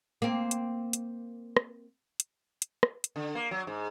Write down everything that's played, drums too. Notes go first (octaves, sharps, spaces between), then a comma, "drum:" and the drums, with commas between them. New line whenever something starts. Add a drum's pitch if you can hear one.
A#3 C4
drum: hi-hat
drum: hi-hat
drum: rim click
drum: hi-hat
drum: hi-hat
drum: rim click
drum: hi-hat
D3
A#3
F#3
G#2